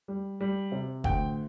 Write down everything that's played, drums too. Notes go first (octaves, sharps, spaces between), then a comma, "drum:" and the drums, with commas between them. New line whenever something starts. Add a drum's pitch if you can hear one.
G3
G3
C3
D2 G5, drum: kick